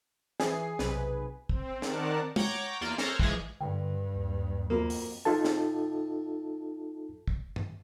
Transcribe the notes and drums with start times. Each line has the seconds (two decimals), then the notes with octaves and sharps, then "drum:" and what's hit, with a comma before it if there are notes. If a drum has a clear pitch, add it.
0.40 E3 G#4 C7, drum: snare
0.79 B1 C3 B4, drum: snare
1.49 C4, drum: kick
1.82 D#3 A#4 D5 F#5 A5 F#6, drum: snare
2.36 C#5 F#5 G5 A#5 D6 G6, drum: tom
2.81 E2 A#3 F4 D5 E7
2.98 A4 A#4 C5 C#5 A#5, drum: snare
3.19 E3 F3 G#3 G#4, drum: kick
3.61 G2 D3 G5
4.16 D#2
4.70 F2 A#3 F4 F#4 A#4
4.90 drum: open hi-hat
5.25 D#4 F4 A4 A5
5.45 drum: snare
7.28 drum: kick
7.56 drum: tom G2